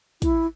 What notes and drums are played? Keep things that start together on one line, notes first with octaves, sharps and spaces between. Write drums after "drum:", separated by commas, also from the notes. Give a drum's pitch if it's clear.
E4, drum: kick, hi-hat